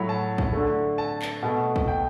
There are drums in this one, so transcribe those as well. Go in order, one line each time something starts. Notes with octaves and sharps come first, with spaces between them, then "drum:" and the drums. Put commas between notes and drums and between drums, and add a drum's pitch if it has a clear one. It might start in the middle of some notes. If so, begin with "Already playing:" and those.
Already playing: A2 F#3 A3 B5
A5
drum: kick
D3 A3
A5
drum: clap
B2 A3
drum: kick
G5